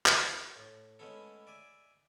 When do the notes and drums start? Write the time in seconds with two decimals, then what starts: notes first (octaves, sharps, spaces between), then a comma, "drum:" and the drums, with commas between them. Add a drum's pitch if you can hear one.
0.06 drum: clap
0.56 A2
0.99 G#3 A3 B3 C#4 E4 A4
1.47 D5 E5 G#5